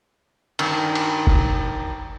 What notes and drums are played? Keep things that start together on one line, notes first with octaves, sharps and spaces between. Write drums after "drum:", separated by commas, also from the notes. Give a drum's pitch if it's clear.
G2 D#3, drum: cymbal
drum: cymbal
drum: kick